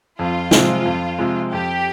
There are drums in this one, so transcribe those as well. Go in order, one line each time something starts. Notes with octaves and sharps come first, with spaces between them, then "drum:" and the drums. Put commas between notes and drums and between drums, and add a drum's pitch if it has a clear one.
F2 F4
C3 F3 G#3, drum: snare
F2
C3 F3 G#3
F2 G4